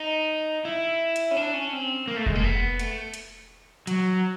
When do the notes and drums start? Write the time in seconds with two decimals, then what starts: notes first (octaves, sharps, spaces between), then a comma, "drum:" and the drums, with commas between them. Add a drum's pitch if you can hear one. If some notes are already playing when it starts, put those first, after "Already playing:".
Already playing: D#4
0.65 E4
1.16 drum: hi-hat
1.31 C#4
1.37 D4
1.54 C#4
1.73 C4
2.08 A#3
2.16 A3
2.26 G#3, drum: kick F1
2.35 A#3
2.44 B3
2.79 A3, drum: hi-hat
3.14 drum: hi-hat
3.87 F#3, drum: hi-hat